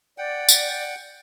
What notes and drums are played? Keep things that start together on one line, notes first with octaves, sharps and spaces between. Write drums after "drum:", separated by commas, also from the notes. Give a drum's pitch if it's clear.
D5 F#5 G5
drum: tambourine